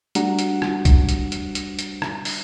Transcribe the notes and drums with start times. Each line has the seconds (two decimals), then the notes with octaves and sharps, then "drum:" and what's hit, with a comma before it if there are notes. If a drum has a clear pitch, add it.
0.15 G3 A3 D4 F#4 F#5 A#5, drum: hi-hat
0.39 drum: hi-hat
0.62 drum: rim click
0.85 drum: kick B1, hi-hat
1.09 drum: hi-hat
1.32 drum: hi-hat
1.55 drum: hi-hat
1.79 drum: hi-hat
2.02 drum: rim click
2.25 drum: open hi-hat